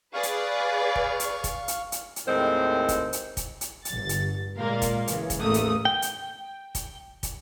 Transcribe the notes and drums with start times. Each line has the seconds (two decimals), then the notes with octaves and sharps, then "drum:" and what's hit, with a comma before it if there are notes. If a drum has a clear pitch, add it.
0.14 G#4 B4 D5 F5 C#6
0.23 drum: hi-hat
0.96 drum: kick
1.20 drum: hi-hat
1.44 drum: kick, hi-hat
1.68 drum: hi-hat
1.92 drum: hi-hat
2.16 drum: hi-hat
2.27 D#2 A2 D#3 G#3 C4 C5
2.89 drum: kick, hi-hat
3.13 drum: hi-hat
3.37 drum: kick, hi-hat
3.61 drum: hi-hat
3.85 G1 A6, drum: hi-hat
4.09 drum: hi-hat
4.57 A#2 G#3 A#3 A#4 F5
4.82 drum: kick, hi-hat
5.07 C#3 E3, drum: hi-hat
5.30 drum: kick, hi-hat
5.41 A1 E2 A3 A#3 D#6
5.54 drum: hi-hat
5.85 G5
6.02 drum: hi-hat
6.75 drum: kick, hi-hat
7.23 drum: kick, hi-hat